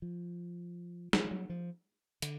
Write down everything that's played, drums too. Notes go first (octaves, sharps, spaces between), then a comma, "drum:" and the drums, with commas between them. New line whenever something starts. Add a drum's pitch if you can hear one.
F3
F3, drum: snare
F3
F#3
F3
D3, drum: hi-hat